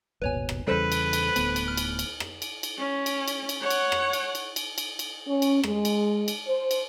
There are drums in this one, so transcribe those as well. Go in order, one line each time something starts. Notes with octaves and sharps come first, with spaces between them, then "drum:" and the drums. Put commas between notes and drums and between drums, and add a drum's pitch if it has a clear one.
D#1 G#1 B2 B4 C#5 G#5
drum: rim click
E2 C#3 G3 A4 B4 C5
drum: cymbal
drum: cymbal
D1 D2 B3, drum: cymbal
drum: cymbal
F6
drum: cymbal
drum: cymbal
drum: rim click
drum: cymbal
drum: cymbal
C#4
drum: cymbal
drum: cymbal
drum: cymbal
C#5 F#5
drum: cymbal
drum: rim click
drum: cymbal
drum: cymbal
drum: cymbal
drum: cymbal
drum: cymbal
C#4
drum: cymbal
G#3, drum: rim click
drum: cymbal
drum: cymbal
C5
drum: cymbal